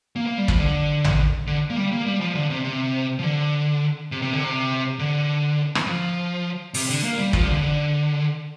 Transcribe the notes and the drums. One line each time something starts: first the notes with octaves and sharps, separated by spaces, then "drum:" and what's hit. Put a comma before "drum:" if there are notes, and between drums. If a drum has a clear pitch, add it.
A#3
A#3
G3
F3, drum: kick
D3
drum: tom
D3
A#3
G3
A#3
G3
F3
D3
C3
C3
F3
D3
C3
C3
D3
C3
D3
drum: rim click
F3
C3, drum: open hi-hat
D3
A#3
G3
F3, drum: kick
C3
D3
D3